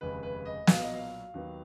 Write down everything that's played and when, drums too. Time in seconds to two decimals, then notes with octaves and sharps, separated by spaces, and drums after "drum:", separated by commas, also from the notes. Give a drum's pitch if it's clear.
0.01 F1 D#2 C#3 G#3 B4
0.23 B4
0.45 D#5
0.67 B1 A#2 F#3 F5, drum: snare
0.82 D#5
0.95 F5
1.34 D#2 D#3 F#3 B3